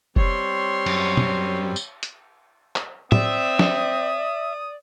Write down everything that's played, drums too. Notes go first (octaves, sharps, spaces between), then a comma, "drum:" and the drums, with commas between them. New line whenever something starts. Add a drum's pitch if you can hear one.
G3 C4 C#5 C6, drum: kick F1
F#2, drum: cymbal
drum: tom
drum: tambourine
drum: hi-hat
drum: clap
C4 D5 E5 D#6, drum: tom
drum: snare